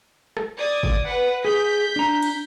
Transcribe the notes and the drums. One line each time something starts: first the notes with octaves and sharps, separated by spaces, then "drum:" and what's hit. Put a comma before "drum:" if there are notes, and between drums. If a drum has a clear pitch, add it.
drum: rim click
D5 D#6 G#6
drum: kick G1
B4 F#5
G#4 G6 B6
D4 A#5
drum: cymbal